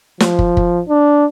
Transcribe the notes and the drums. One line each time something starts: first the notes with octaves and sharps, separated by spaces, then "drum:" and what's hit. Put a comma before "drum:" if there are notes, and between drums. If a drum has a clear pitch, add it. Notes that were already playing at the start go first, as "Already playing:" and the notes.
F3, drum: snare
drum: kick
drum: kick
D4